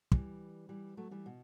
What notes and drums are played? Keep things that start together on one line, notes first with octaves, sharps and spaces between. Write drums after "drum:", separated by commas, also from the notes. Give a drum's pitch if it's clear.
E3 G3, drum: kick
E3 G3
F#3 A3
E3 G3
B2